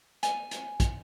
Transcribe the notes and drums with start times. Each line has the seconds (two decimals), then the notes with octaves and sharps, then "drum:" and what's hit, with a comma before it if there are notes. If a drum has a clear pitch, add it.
0.23 G#5, drum: hi-hat
0.51 drum: hi-hat
0.80 drum: kick, hi-hat